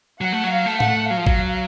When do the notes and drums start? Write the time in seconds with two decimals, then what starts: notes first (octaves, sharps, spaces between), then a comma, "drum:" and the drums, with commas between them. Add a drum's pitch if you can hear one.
0.21 F#3 F#5
0.33 A3
0.44 F#3
0.51 F5
0.66 A3
0.80 F#5, drum: tom A2
0.88 A3
1.10 F#3 F5
1.17 F3
1.27 F#3, drum: kick G#1